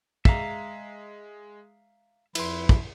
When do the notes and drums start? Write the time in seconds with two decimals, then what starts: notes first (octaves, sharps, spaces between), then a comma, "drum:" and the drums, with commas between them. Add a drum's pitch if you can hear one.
0.25 G#3 E5 F5 A#5, drum: kick
2.35 F2 E4 B4 C6, drum: cymbal
2.69 drum: kick